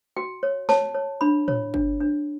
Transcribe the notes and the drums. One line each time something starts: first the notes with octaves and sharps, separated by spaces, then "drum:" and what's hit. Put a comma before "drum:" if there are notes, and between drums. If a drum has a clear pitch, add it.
F#4 G5
C#5
C#5 A5, drum: snare
C#5
D4 B5
C#5, drum: tom A2
D4, drum: kick G1
D4